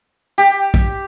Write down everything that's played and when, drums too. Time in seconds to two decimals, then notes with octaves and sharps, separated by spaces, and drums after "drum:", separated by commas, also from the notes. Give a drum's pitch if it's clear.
0.38 G4
0.74 drum: kick